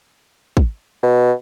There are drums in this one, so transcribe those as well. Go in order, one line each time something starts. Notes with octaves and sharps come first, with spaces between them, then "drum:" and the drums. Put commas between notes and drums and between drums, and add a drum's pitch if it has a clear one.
drum: kick
B2